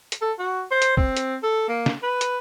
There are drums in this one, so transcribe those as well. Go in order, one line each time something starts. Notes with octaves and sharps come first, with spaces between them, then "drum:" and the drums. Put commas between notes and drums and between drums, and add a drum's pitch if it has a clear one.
drum: hi-hat
A4
F#4
C5
drum: hi-hat
C4, drum: kick
drum: hi-hat
A4
A#3
drum: snare
B4
drum: hi-hat